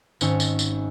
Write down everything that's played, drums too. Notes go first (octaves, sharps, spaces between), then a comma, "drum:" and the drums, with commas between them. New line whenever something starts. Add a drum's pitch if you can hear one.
G#1 G#2 C#4 E6, drum: tambourine
drum: tambourine
drum: tambourine